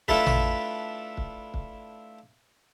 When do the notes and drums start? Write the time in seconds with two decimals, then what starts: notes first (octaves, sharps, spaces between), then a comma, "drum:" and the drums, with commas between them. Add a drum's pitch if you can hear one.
0.08 A3 D4 E4 F4 A4 B4, drum: kick
0.26 drum: tom A1
1.17 drum: kick
1.54 drum: kick